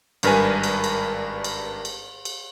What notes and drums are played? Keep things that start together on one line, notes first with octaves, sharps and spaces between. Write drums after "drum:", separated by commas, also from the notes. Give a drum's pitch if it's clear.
G#1 G2 A#4 B4 G#5, drum: cymbal
drum: cymbal
drum: cymbal
drum: cymbal
drum: cymbal
drum: cymbal